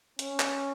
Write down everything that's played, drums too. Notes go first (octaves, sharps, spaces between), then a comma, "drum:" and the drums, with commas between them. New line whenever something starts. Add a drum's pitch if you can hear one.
C#4, drum: hi-hat
drum: clap